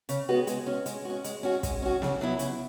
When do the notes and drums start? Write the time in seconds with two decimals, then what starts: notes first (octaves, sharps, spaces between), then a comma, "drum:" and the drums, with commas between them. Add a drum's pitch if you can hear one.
0.09 C#3, drum: hi-hat
0.29 G#3 B3 F#4
0.47 G#3, drum: hi-hat
0.66 C#4 F#4
0.86 G#3, drum: hi-hat
1.05 C#4 F#4
1.24 G#3, drum: hi-hat
1.43 C#4 F#4
1.63 G#3, drum: kick, hi-hat
1.82 C#4 F#4
2.02 C#3, drum: snare
2.21 F#3 B3 E4
2.39 C#3, drum: hi-hat